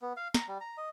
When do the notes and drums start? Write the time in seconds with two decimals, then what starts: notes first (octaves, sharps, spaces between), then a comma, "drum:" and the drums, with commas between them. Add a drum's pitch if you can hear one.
0.02 B3
0.17 F5
0.34 A#5, drum: snare
0.48 G3
0.61 A#5
0.77 D#5